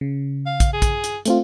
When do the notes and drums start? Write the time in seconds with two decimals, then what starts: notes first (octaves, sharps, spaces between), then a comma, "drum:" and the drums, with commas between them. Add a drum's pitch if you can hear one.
0.01 C#3
0.46 F5
0.60 drum: kick, hi-hat
0.73 G#4
0.82 drum: kick, hi-hat
1.04 drum: hi-hat
1.25 A3 C4 F4, drum: hi-hat